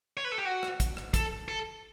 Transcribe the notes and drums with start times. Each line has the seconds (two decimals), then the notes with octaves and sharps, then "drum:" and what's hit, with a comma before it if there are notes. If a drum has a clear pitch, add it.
0.17 C#5
0.25 B4
0.32 A4
0.38 G4
0.45 F#4
0.63 drum: rim click
0.80 drum: kick, hi-hat
0.97 drum: rim click
1.14 A4, drum: kick, hi-hat
1.48 A4